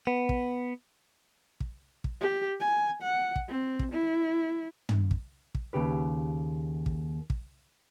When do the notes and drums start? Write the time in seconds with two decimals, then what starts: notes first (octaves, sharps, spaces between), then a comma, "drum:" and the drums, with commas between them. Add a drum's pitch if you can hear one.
0.07 B3
0.29 drum: kick
1.60 drum: kick
2.04 drum: kick
2.21 G4
2.60 G#5
3.02 F#5
3.36 drum: kick
3.48 C4
3.79 drum: kick
3.92 E4
4.89 drum: tom
5.11 drum: kick
5.55 drum: kick
5.73 D#2 C#3 G4 B4
6.86 drum: kick
7.30 drum: kick